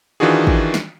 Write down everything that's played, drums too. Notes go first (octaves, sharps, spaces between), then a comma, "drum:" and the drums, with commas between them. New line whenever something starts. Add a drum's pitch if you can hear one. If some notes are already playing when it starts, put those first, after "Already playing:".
D#3 E3 D4 F4 F#4 G#4
drum: kick
drum: snare